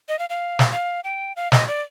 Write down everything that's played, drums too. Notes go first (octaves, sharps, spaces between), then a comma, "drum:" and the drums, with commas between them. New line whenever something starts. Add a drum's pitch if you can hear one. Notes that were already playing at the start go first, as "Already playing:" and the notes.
D#5
F5
F5
drum: snare
F5
G5
F5
D#5, drum: snare
D5